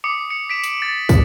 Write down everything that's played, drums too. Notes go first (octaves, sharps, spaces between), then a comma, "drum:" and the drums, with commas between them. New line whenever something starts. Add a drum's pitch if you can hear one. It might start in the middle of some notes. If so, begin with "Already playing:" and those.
D6 D#6 C#7
C#7
B6 D7 E7
F#7, drum: tambourine
A6
drum: kick, tambourine